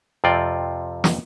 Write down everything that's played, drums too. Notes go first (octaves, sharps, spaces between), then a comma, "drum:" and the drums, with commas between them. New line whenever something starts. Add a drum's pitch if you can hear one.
F2 C3 C4 F4 D5 G5
drum: snare